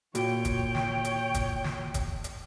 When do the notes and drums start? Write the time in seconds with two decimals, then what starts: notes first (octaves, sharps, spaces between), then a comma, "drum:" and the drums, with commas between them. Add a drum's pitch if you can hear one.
0.15 A#2 F#4 C#5 G5, drum: hi-hat
0.45 drum: kick, hi-hat
0.75 drum: snare
1.04 drum: hi-hat
1.34 drum: kick, hi-hat
1.64 drum: snare
1.94 drum: kick, hi-hat
2.24 drum: hi-hat